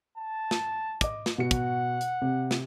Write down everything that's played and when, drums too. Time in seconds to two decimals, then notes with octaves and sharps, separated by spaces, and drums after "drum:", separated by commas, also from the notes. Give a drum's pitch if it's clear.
0.18 A5
0.51 drum: snare
1.01 D#5 D6, drum: kick, hi-hat
1.26 drum: snare
1.38 B2 F#4 F#5 C#7
1.51 drum: kick, hi-hat
2.01 drum: hi-hat
2.22 C3
2.51 drum: snare